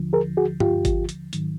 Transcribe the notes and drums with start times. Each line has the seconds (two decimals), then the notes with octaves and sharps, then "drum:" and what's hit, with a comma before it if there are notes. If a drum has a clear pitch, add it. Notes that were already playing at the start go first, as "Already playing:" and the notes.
Already playing: D#2 D3 F3
0.13 G#4 A#4
0.37 F#4 G#4
0.60 F4 G4, drum: tom G2
0.85 drum: kick G#1, hi-hat
1.09 drum: hi-hat
1.33 G#2 D#3 F#3, drum: hi-hat